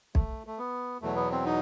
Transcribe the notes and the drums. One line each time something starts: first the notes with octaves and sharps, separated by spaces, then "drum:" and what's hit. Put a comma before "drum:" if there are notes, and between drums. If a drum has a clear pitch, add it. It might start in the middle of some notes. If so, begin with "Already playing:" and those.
A3, drum: kick B1
A3
B3
E2 B2 F#3 A3
B3
C4
D#4